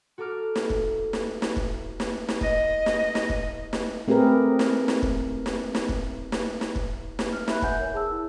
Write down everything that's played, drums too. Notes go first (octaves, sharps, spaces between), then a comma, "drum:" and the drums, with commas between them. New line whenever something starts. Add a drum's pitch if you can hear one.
F#4 A4 A#5 D6 F6
drum: snare
drum: kick
drum: snare
drum: snare
drum: kick
drum: snare
drum: snare
D#5, drum: kick
drum: snare
drum: snare
drum: kick
drum: snare
A3 C4 G4 G#4 A#4 B4
drum: snare
drum: snare
drum: kick
drum: snare
drum: snare
drum: kick
drum: snare
drum: snare
drum: kick
drum: snare
F6
E5 B5 F#6, drum: snare
E5 F#5 G#5 G6, drum: kick
A#4 C#5
G#4 A5 E6
E4